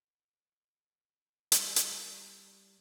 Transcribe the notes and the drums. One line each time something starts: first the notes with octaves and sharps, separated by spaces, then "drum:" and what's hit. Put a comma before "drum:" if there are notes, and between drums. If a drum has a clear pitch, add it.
G3, drum: hi-hat
drum: hi-hat